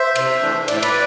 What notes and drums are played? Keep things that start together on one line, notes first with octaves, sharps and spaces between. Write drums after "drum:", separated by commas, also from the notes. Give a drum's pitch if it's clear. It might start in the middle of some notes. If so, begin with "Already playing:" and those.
Already playing: C5 E5
C3, drum: cymbal
E3 A3 D4
A2 D5, drum: cymbal
E5
B4 D5, drum: cymbal